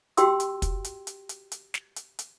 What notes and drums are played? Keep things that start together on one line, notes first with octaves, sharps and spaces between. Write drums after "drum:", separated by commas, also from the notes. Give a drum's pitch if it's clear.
F#4 G4 G5 C6 E6, drum: hi-hat
drum: hi-hat
drum: kick, hi-hat
drum: hi-hat
drum: hi-hat
drum: hi-hat
drum: hi-hat
drum: snare
drum: hi-hat
drum: hi-hat